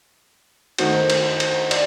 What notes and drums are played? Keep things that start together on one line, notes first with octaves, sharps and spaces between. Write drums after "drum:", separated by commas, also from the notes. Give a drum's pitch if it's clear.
D#3 A3 D#4 F#4 C5, drum: cymbal
drum: cymbal
C5
drum: cymbal
D5, drum: cymbal